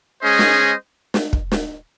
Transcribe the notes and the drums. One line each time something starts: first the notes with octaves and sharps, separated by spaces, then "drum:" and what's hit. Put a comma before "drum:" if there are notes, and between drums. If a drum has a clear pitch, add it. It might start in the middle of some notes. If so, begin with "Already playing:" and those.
G#3 C#4 G#4 C5 D#5
drum: snare
drum: snare
drum: kick
drum: snare